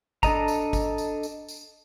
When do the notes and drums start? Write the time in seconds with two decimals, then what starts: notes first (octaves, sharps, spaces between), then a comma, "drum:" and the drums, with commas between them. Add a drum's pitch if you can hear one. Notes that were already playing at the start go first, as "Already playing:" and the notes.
0.23 D4 A4 D#5 A#5, drum: kick G#1, tambourine
0.48 drum: tambourine
0.73 drum: kick G#1, tambourine
0.98 drum: tambourine
1.23 drum: tambourine
1.48 drum: tambourine